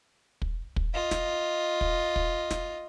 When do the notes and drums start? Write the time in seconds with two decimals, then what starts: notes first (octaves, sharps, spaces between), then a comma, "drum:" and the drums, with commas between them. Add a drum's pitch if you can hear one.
0.42 drum: kick
0.76 drum: kick
0.94 F4 D#5
1.11 drum: snare
1.81 drum: kick
2.16 drum: kick
2.51 drum: snare